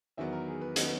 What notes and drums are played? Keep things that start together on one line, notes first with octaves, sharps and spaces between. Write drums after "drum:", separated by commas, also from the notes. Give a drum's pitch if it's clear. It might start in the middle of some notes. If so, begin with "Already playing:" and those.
E2 D#3 F#3 B3 E5
A#4
G#4
B4
D#3 F#3 B3 D#5, drum: hi-hat